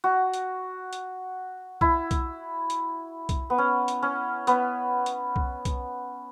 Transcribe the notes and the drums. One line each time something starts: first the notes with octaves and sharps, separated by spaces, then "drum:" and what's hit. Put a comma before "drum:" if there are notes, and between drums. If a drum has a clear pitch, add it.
F#4
drum: hi-hat
drum: hi-hat
E4, drum: kick B1
drum: kick B1, hi-hat
drum: hi-hat
drum: kick B1, hi-hat
B3
C#4
drum: hi-hat
C#4
B3, drum: hi-hat
drum: hi-hat
drum: kick B1
drum: kick B1, hi-hat